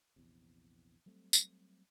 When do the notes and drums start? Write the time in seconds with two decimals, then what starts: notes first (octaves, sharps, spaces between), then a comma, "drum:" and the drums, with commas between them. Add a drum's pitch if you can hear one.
0.16 A#1 E2 C3
1.06 F#3 G3 A3 C4
1.33 drum: tambourine